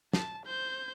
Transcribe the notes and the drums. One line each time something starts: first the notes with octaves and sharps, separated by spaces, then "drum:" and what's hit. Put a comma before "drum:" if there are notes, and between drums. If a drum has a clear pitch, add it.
A5, drum: snare
C5 G6